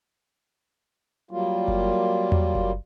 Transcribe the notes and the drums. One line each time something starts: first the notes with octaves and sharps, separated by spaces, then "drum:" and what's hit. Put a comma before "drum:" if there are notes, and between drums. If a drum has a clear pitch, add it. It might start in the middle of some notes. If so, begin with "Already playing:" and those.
F#3 G3 A#3 F4
drum: kick F#1
drum: tom E2
drum: kick F#1